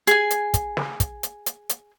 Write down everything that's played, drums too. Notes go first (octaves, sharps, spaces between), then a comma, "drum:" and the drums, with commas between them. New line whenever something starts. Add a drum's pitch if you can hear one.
G#4 G#5, drum: hi-hat
drum: hi-hat
drum: kick, hi-hat
drum: snare
drum: kick, hi-hat
drum: hi-hat
drum: hi-hat
drum: hi-hat